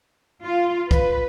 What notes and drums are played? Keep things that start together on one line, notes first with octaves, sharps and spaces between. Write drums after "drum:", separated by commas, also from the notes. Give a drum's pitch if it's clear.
F4
B4, drum: kick